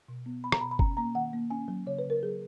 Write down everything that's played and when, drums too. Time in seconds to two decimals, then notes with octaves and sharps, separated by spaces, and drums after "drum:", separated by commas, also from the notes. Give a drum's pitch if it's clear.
0.08 B2
0.26 B3
0.44 B3 B5
0.52 A#5, drum: rim click
0.61 B2 B5
0.71 B5
0.79 C#4 A#5, drum: kick G1
0.97 A#3 A#5
1.15 D#3 F#5
1.33 A#3
1.50 C#4 G#5
1.68 F#3
1.87 C#3 C#5
1.99 B4
2.04 C#3
2.10 A#4
2.23 F#3 G#4